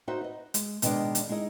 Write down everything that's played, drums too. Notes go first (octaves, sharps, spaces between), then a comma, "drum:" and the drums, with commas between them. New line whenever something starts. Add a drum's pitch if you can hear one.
D#4 F#4 C5 E5
B4 D#5
G#3, drum: hi-hat
B2 D#3 G#3 D4 D5, drum: hi-hat
drum: hi-hat
G#3 D#4 E4 G#4 D#5